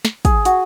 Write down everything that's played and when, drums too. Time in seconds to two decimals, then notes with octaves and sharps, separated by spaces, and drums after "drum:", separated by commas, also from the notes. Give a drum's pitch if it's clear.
0.05 drum: snare
0.25 G#4, drum: kick, hi-hat
0.45 F#4, drum: hi-hat